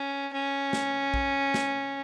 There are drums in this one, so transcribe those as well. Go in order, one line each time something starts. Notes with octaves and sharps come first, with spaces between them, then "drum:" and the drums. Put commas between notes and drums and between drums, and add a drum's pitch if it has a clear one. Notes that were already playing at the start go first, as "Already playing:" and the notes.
Already playing: C#4
C#4
drum: snare
drum: kick A#1
drum: snare